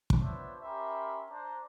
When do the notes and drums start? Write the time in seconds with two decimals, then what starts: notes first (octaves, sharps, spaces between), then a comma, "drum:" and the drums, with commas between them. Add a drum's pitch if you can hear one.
0.10 drum: kick
0.21 B3 D4 F4 C5 C#5 E5
0.62 C#4 G4 A#4 E5 B5 C6
1.29 D4 C5 A#5